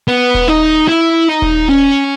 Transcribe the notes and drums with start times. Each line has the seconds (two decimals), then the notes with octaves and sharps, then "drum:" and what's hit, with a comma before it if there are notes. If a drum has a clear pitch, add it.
0.08 B3
0.34 drum: kick D#1
0.48 D#4
0.89 E4
1.29 D#4
1.42 drum: kick D#1
1.69 C#4